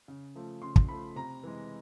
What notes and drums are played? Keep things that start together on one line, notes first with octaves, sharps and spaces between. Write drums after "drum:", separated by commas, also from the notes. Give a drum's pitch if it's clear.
C#3
F3 A3
C#3 C6
drum: kick
F3 A3 B5
C3 A#5
E3 G#3